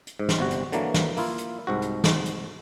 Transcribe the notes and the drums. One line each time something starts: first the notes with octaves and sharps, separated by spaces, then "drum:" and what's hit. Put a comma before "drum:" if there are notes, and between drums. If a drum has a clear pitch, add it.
drum: hi-hat
G#2
drum: snare
G1 C3 F#4
drum: hi-hat
D3 E3 F#3 A3 A#3, drum: hi-hat
drum: snare
A#3 E4 F4, drum: open hi-hat
drum: hi-hat
C2 G#2 F#4
drum: hi-hat
drum: snare
drum: hi-hat